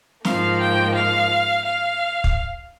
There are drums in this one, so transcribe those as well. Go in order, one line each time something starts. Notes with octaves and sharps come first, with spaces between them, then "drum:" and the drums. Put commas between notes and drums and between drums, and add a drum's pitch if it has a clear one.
G#2 F3 A#3 F5, drum: snare
G5
F5
F5
drum: kick